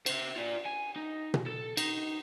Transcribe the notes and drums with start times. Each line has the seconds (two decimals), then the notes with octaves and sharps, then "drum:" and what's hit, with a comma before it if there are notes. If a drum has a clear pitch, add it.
0.06 C5 E5, drum: cymbal
0.36 F4 D5
0.65 G#5
0.96 D#4
1.34 drum: tom B2
1.46 A4
1.77 D#4, drum: cymbal